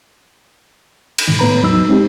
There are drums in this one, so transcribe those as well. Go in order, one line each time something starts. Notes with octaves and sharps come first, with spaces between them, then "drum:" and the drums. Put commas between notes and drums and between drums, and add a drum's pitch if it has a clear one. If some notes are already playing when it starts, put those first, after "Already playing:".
drum: cymbal
G#2 B2 D#3
A2 B3 B4 A#5 B5
E2 F#3 D#4 E6
G#3 C4 D#4 G4